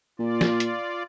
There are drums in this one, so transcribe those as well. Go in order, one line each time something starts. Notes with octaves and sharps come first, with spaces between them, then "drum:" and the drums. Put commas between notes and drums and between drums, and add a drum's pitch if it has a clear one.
A#2 F4 D5
drum: snare
drum: hi-hat